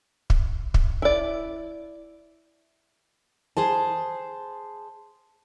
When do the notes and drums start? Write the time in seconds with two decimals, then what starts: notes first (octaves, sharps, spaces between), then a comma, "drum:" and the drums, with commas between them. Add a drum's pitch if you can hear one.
0.30 drum: kick
0.74 drum: kick
1.02 E4 D5
3.57 G#4 C5 A5